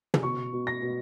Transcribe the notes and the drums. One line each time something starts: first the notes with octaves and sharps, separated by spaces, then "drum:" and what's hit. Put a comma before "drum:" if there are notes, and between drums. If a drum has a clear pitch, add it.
drum: tom
B2 C#6
B2
A#6
B2